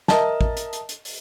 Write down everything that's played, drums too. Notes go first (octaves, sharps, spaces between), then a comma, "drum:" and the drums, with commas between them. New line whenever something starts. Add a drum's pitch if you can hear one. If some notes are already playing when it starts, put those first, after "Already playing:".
A#4 D#5 E5 A5, drum: snare
drum: kick
drum: hi-hat
drum: hi-hat
drum: hi-hat
drum: open hi-hat